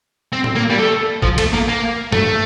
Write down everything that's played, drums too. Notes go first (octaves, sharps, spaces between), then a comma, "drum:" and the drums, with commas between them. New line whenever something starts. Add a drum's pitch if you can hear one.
C4
drum: tom A2
A#3
G3
A3
F3, drum: kick
A3, drum: cymbal
A#3
A#3
A3, drum: tom